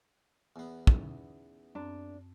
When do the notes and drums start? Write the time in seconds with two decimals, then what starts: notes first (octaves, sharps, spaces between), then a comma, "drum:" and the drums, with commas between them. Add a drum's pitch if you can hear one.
0.56 E2 B3
0.87 C#4 D#4 E4, drum: kick
1.75 F#2 C4 D4